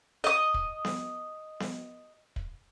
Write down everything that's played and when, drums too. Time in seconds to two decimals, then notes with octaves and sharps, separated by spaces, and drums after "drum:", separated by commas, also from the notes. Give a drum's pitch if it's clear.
0.24 D#5 D#6
0.54 drum: kick
0.85 drum: snare B3
1.60 drum: snare B3
2.36 drum: kick